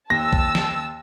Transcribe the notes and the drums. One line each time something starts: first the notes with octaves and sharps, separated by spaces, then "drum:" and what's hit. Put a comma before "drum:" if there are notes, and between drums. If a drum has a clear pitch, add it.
D#2 A5 E6 A#6
drum: kick
drum: snare